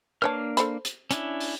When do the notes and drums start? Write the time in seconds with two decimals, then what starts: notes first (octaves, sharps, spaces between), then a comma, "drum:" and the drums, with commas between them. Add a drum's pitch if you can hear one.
0.22 A#3 D4 B4 C#5 A5 F6
0.57 A4 C5 B5, drum: hi-hat
0.85 drum: hi-hat
1.11 C#4 D4 E4, drum: hi-hat
1.40 drum: open hi-hat